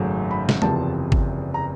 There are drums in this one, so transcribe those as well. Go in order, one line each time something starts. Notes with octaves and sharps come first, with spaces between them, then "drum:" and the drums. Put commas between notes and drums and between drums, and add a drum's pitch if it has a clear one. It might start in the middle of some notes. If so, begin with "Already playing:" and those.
Already playing: G#1 F#2 C#3 F#3 A3
B5
drum: snare
F#1 E2 C3 F3 A5, drum: tom
drum: kick G1
A#5